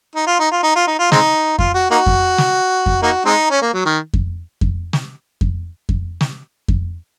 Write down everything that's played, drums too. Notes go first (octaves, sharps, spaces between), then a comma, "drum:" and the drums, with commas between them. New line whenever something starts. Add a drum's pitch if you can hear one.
D#4
F4
D#4
F4
D#4
F4
D#4
F4
G#3 C4 D#4, drum: snare
F4, drum: kick F2
F#4
A#3 D#4 F#4
drum: kick F2
drum: snare
drum: kick F2
A#3 D#4 F#4
G#3 C4 D#4
C#4
A#3
F#3
D#3
drum: kick F2
drum: kick F2
drum: snare
drum: kick F2
drum: kick F2
drum: snare
drum: kick F2